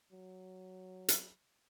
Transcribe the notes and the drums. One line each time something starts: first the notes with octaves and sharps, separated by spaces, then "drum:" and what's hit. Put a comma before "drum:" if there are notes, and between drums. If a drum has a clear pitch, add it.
F#3
drum: hi-hat